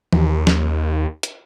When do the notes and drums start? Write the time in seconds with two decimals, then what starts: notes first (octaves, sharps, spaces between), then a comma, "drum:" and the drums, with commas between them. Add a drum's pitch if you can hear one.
0.13 D#2, drum: tom E3
0.47 drum: snare
1.23 drum: hi-hat